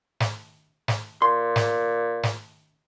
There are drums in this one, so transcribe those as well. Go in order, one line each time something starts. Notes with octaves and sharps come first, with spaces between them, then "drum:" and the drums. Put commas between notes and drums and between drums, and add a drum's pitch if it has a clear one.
drum: snare
drum: snare
A#2 C6
drum: snare
drum: snare